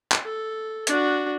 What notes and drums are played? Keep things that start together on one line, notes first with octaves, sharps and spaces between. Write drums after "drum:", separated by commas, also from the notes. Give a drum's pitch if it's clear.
drum: clap
A4
D4 F#4, drum: hi-hat